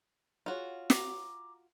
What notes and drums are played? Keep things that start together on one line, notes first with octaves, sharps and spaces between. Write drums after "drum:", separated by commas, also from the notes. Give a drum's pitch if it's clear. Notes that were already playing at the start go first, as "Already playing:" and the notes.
F4 F#4 G#4 C#5
A#5 D6, drum: snare